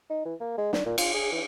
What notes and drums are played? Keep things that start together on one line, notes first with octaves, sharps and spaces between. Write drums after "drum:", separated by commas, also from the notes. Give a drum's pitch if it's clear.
D#4
E3
A#3
G#3
D4, drum: snare
A#2
F4, drum: cymbal
G#4
E3